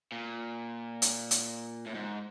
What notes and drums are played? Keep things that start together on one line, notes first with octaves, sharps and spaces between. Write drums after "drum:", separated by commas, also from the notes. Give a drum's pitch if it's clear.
A#2
drum: hi-hat
drum: hi-hat
A2
G#2